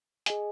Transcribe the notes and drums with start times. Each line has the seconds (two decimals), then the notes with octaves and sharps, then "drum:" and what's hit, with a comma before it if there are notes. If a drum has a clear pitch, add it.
0.26 G#4 D#5 G#5, drum: hi-hat